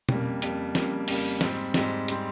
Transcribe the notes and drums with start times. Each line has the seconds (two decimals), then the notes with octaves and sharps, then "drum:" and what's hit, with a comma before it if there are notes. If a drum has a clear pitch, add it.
0.09 F2 C#3 G3 A#3, drum: tom B2
0.42 F2 C#3 G3 A#3, drum: hi-hat
0.75 F2 C#3 G3 A#3, drum: snare
1.08 F2 C#3 G3 A#3, drum: open hi-hat
1.41 G#2 G3 C4, drum: snare
1.74 G#2 G3 C4, drum: snare
2.08 G3 C4, drum: hi-hat